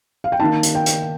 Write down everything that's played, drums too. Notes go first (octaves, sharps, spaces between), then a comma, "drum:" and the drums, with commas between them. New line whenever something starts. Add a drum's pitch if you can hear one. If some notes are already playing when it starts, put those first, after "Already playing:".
F5
G5
D#3 A#3 D#4 A5
drum: hi-hat
G5
drum: hi-hat